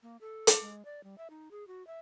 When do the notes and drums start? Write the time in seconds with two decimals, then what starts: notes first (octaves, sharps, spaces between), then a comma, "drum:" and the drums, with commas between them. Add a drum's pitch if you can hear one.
0.03 A#3
0.21 A4
0.47 drum: hi-hat
0.61 G#3
0.85 D5
1.04 G3
1.18 E5
1.30 D#4
1.51 G#4
1.67 F#4
1.87 E5